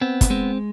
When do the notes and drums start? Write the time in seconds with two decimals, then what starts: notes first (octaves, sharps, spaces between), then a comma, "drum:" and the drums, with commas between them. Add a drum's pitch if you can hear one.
0.01 B3 C4
0.21 drum: kick, hi-hat
0.30 G#3 C4